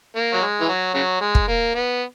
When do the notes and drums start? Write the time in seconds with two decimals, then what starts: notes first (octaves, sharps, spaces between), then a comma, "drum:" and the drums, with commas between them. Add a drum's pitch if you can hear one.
0.15 A#3
0.33 F#3
0.41 G#3
0.60 E3
0.68 F#3
0.94 C#3 F#3
1.21 G#3
1.35 drum: kick
1.48 A#3
1.75 B3